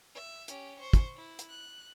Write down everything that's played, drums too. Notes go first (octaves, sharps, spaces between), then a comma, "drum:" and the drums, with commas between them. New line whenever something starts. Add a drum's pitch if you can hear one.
E5
C#4 G4, drum: hi-hat
C5 C#6
drum: kick, hi-hat
E4
drum: hi-hat
F#6